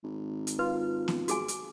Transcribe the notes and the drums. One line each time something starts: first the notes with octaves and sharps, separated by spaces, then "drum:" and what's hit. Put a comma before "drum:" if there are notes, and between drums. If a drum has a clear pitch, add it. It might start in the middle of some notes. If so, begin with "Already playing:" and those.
G#1
drum: hi-hat
F4 B4
drum: snare B3
F#4 G#4 G#5, drum: hi-hat
drum: hi-hat